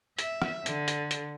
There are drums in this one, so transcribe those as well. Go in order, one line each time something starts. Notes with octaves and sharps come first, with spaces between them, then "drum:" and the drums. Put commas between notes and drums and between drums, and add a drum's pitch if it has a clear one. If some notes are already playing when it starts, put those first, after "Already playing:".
E5, drum: hi-hat
drum: rim click
D3, drum: hi-hat
drum: hi-hat
drum: hi-hat